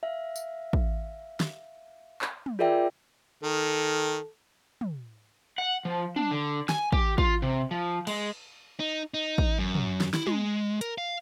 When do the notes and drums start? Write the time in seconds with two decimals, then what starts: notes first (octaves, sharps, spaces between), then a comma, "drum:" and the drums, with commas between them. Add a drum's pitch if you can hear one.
0.03 E5 F5
0.36 drum: tambourine
0.73 drum: kick
1.40 drum: snare
2.21 drum: clap
2.46 drum: tom
2.59 F4 G#4 A#4 D5 E5 G5
3.43 D#3 A4
4.81 drum: tom
5.58 F#5
5.85 F3
6.16 D4, drum: tom
6.31 D3
6.69 G#5, drum: snare
6.92 G4, drum: kick
7.18 F4, drum: kick
7.42 C3
7.71 F3
8.07 G#3, drum: cymbal
8.80 D#4
9.14 D#4
9.38 drum: kick
9.59 F#2
9.75 drum: tom
10.00 drum: snare
10.13 E4, drum: snare
10.27 G#3, drum: tom
10.81 A#4, drum: hi-hat
10.98 F5